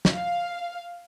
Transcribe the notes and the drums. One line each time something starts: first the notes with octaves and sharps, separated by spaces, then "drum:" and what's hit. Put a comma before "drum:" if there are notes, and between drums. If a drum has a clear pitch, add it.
drum: snare
F5